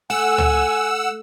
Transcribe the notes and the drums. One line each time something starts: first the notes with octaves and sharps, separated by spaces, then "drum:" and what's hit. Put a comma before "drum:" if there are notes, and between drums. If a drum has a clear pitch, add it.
A3 F#5 G#5 E6
drum: tom